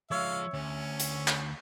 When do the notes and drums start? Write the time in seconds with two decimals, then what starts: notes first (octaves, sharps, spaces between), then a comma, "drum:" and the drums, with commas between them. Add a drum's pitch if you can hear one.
0.11 F3 G#3 C#5 E5 F5
0.53 D2 C#4
1.00 drum: hi-hat
1.28 drum: clap